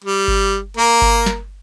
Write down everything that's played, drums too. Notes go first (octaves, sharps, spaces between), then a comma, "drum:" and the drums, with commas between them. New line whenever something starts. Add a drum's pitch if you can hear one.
G3
drum: kick G1
A#3 A#4
drum: kick G1
drum: snare